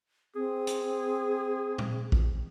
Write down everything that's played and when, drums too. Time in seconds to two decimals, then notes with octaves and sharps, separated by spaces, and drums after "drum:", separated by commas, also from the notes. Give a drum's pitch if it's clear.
0.36 C4 G#4
0.67 drum: hi-hat
1.78 drum: tom A#2
2.12 drum: kick A#1